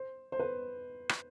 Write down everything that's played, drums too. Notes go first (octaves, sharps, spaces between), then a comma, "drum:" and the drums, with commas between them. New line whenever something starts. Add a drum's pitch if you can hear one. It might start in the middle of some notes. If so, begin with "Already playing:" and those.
Already playing: C5
C5
B4
drum: rim click